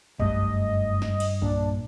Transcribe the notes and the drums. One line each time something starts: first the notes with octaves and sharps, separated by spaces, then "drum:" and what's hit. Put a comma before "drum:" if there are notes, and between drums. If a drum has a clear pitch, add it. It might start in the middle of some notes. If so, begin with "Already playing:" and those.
F#1 G2 A3 D#5, drum: kick B1
drum: snare
drum: cymbal
A#2 D4, drum: kick B1